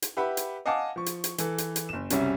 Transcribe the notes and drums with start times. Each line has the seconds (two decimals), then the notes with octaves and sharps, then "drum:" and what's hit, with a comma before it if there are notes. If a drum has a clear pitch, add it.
0.02 drum: hi-hat
0.17 G4 B4 E5 F#5 B5
0.37 drum: hi-hat
0.66 D#5 F5 F#5 G#5 A5 D6
0.96 F3 C#6
1.06 drum: hi-hat
1.24 drum: hi-hat
1.38 E3 A4, drum: hi-hat
1.58 drum: hi-hat
1.76 drum: hi-hat
1.89 F#1 E7
2.10 C2 F#2 C#3 G3 C#4 E5, drum: hi-hat